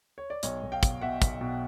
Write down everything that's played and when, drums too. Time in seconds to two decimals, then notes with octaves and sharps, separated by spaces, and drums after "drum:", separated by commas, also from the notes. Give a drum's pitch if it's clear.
0.18 C#5
0.30 D5
0.43 B1 C#5 D#5, drum: hi-hat
0.63 B1
0.72 F5 G5
0.83 B2, drum: kick, hi-hat
1.01 B2 E5 F#5
1.22 B1, drum: kick, hi-hat
1.41 B2